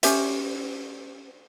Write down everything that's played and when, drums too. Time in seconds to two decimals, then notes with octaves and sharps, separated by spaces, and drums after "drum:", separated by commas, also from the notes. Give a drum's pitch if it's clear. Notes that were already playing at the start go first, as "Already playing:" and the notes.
0.03 C#4 G4 C5 E5, drum: hi-hat